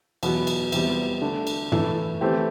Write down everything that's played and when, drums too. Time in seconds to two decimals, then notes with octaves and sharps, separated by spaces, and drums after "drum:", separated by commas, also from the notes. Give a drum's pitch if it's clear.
0.23 E2 B2 F#3 B3 F#4, drum: cymbal
0.47 drum: cymbal
0.72 E2 C3 G3 B3, drum: cymbal
1.21 D3 A3 D4
1.47 drum: cymbal
1.72 A2 E3 A3, drum: tom
2.21 E3 A3 C4 G4